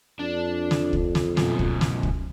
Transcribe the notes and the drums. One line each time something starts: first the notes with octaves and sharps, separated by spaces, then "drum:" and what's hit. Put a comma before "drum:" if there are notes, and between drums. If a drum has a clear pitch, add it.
F2 D4
drum: snare
drum: kick
drum: snare
F#2 B2, drum: snare
drum: kick
drum: snare
drum: kick